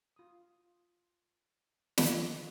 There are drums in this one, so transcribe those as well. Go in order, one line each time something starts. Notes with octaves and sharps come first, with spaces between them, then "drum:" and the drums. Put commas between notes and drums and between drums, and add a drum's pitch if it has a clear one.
F4 D#6
drum: snare